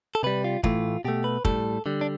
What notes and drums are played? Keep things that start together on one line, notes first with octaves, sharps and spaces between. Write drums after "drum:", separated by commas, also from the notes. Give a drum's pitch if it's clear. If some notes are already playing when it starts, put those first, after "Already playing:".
A4
C3 G3 B4
F4
A2 E3 A3 F4, drum: kick
B2 A3 G4
B4
A2 G3 A4, drum: kick
D3 G3
D4